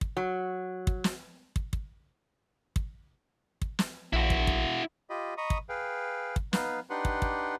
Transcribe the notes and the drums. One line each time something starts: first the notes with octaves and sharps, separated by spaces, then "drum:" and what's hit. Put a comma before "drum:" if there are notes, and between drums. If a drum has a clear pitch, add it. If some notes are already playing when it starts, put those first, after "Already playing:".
drum: kick
F#3
drum: kick
drum: snare
drum: kick
drum: kick
drum: kick
drum: kick
drum: snare
A#1 E4 F#4
drum: kick
drum: kick
F4 G4 D#5 B5
D#5 A#5 B5 C#6 D#6
drum: kick
G#4 B4 F5 G5
drum: kick
B3 D#4 B4 F5, drum: snare
D4 D#4 G4 B4 F#5 C6
drum: kick
drum: kick